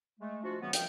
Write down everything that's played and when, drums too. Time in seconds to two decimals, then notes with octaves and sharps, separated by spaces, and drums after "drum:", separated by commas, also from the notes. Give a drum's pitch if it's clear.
0.20 G#3 A3
0.43 F3 D4 F4 F#4
0.61 C#3 E3 G3 A3 B3
0.73 D#3 F3 F5 G5, drum: hi-hat